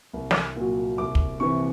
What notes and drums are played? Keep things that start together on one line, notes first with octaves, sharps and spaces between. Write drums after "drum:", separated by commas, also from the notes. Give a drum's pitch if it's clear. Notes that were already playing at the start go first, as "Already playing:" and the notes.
C2
drum: snare
A#2 F#3
C2 D6
drum: kick
C3 E3 C#6